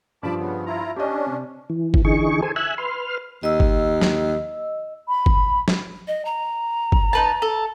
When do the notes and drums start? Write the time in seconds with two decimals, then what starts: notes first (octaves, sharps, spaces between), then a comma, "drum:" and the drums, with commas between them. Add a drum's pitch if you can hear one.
0.23 G2 F3 A5 B5 D6
0.38 C#3 B3
0.66 E4 F4 A#5
0.96 C#4 D4 G4 D#5
1.27 C3
1.70 E3
1.94 drum: kick
2.05 D3 E3 D#4 G#4 C#6
2.42 G#4 A4 C5 G#5
2.56 E5 G#5 E6 F#6
2.78 B4 C6 F6
3.43 D#2 D#5 E6
3.60 drum: kick
4.02 drum: snare
5.08 B5
5.26 drum: kick
5.68 drum: snare
6.08 D#5
6.25 A#5
6.92 drum: kick
7.13 D#4 B4 A5
7.42 A4